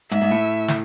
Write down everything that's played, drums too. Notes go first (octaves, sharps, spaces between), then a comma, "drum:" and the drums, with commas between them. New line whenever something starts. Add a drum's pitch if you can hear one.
G#2 E5, drum: hi-hat
G#2
A2
drum: snare